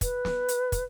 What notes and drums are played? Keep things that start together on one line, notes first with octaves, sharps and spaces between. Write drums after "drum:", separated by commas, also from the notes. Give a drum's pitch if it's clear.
B4, drum: kick, hi-hat
drum: snare
drum: hi-hat
drum: kick, hi-hat